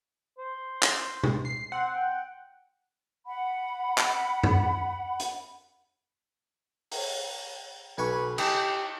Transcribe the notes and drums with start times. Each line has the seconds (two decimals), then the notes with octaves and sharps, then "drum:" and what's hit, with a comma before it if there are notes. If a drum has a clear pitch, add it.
0.39 C5
0.83 drum: clap
1.23 drum: tom B2
1.45 C7
1.72 C4 F#5
1.94 G5
3.26 F#5 B5
3.98 drum: clap
4.43 drum: tom F#2
5.20 drum: hi-hat
6.92 drum: open hi-hat
7.98 B1 B4 G#5 C#6
8.38 G4 D#5 A5 B5, drum: cymbal